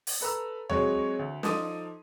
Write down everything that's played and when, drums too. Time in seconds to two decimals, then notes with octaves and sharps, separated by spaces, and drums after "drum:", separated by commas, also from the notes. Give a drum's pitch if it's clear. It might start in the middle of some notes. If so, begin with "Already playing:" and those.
0.07 drum: open hi-hat
0.21 A4 B4 A#5 E6
0.70 F#3 G#3 C4 F#4 C#5, drum: tom D2
1.19 D2
1.43 F3 D#4 A4 D6 D#6 D#7, drum: snare